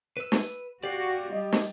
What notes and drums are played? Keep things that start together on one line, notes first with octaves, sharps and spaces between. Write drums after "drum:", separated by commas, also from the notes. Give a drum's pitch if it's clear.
B4 E6
drum: snare
F#4 G4 D5 F5
G3 D#5
drum: snare